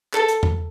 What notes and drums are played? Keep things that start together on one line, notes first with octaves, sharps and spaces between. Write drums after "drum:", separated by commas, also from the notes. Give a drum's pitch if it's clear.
A4, drum: clap
drum: hi-hat
drum: tom E2